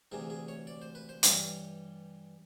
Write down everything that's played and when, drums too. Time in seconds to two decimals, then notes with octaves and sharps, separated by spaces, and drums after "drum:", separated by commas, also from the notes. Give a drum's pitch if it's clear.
0.12 D2 C3 E3 G#4
0.30 G#4
0.48 C#5
0.67 D5
0.82 C5
0.95 B4
1.09 C5
1.23 G2 E3 G3 C#5, drum: hi-hat